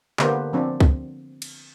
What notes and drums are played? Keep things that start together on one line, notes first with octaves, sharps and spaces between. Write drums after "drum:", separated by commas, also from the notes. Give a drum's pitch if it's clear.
D3 A#3 B3 G4 C5, drum: clap
F3 C4 D4
drum: kick C2
drum: cymbal